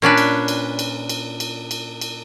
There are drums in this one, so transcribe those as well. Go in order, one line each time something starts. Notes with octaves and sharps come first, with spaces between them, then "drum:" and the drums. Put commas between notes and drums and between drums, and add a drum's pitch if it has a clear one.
A#2 C#4 D4 B4
drum: cymbal
drum: cymbal
drum: cymbal
drum: cymbal
drum: cymbal
drum: cymbal
drum: cymbal